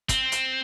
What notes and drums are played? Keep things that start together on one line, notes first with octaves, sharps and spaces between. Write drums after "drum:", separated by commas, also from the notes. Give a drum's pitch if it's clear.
C4, drum: kick, hi-hat
drum: hi-hat